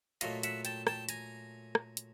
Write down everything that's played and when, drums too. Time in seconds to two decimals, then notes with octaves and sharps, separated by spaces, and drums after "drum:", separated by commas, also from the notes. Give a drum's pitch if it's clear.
0.21 A#2 F#3 A3 D#5 F5, drum: hi-hat
0.43 E5 F#5, drum: hi-hat
0.65 G5 A5, drum: hi-hat
0.87 G5 A5, drum: rim click
1.09 G#5 A#5, drum: hi-hat
1.75 drum: rim click
1.97 drum: hi-hat